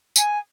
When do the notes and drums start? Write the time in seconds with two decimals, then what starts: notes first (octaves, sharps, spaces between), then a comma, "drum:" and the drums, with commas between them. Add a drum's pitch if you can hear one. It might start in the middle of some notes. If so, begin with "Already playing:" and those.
0.16 G#5, drum: tambourine